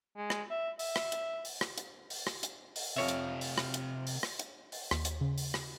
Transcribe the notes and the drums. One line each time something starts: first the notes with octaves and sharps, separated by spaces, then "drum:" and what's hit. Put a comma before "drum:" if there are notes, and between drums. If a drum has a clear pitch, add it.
G#3
drum: rim click
E5
E5, drum: open hi-hat
drum: rim click
drum: hi-hat
drum: open hi-hat
drum: rim click
drum: hi-hat
drum: open hi-hat
drum: rim click
drum: hi-hat
drum: open hi-hat
F2 C3 C#5 E5 F5
drum: hi-hat
drum: open hi-hat
drum: rim click
drum: hi-hat
drum: open hi-hat
drum: rim click
drum: hi-hat
drum: open hi-hat
D#2, drum: rim click
drum: hi-hat
C#3
drum: open hi-hat
drum: rim click